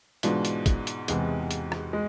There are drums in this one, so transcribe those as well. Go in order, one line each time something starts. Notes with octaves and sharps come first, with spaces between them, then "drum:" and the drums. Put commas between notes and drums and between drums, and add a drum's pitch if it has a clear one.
G#2 B2 E3 G#3 D4 F4, drum: hi-hat
drum: hi-hat
drum: kick, hi-hat
drum: hi-hat
E2 C3 G#3, drum: hi-hat
drum: hi-hat
drum: rim click
G#3